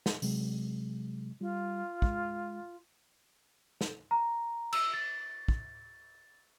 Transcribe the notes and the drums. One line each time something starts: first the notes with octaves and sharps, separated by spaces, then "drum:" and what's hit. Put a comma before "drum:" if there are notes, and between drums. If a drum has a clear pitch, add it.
drum: snare
C3 F#3 G#3, drum: open hi-hat
G3 F4
G#3, drum: kick
drum: snare
A#5
E6, drum: cymbal
A6
drum: kick